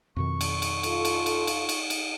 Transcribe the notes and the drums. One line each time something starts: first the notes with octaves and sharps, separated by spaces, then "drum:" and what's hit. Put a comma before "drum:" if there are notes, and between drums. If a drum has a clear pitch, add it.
F2 B2 D#3 C#6
drum: cymbal
drum: cymbal
F4 A4, drum: cymbal
drum: cymbal
drum: cymbal
drum: cymbal
drum: cymbal
drum: cymbal